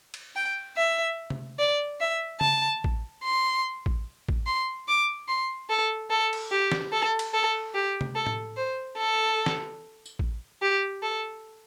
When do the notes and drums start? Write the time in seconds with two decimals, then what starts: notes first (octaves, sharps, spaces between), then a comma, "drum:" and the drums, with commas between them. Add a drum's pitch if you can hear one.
0.14 drum: cymbal
0.36 G5
0.77 E5
1.30 drum: tom C3
1.59 D5
2.00 E5
2.41 A5, drum: tom C#3
2.84 drum: kick A1
3.24 C6
3.86 drum: kick A1
4.29 drum: kick A1
4.47 C6
4.88 D6
5.28 C6
5.70 A4
6.11 A4
6.33 drum: cymbal
6.52 G4
6.72 drum: snare
6.93 A4
7.19 drum: cymbal
7.34 A4
7.75 G4
8.01 drum: tom C3
8.15 A4
8.26 drum: tom A2
8.57 C5
8.98 A4
9.46 drum: snare
10.06 drum: tambourine
10.19 drum: kick A1
10.62 G4
11.03 A4